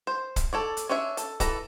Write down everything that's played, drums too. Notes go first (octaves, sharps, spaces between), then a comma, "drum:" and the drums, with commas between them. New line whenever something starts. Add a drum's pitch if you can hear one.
C5
drum: kick, hi-hat
A4 C#5 D5
drum: hi-hat
C#4 D4 C#5 E5
A4, drum: hi-hat
E3 A4 A#5, drum: kick, hi-hat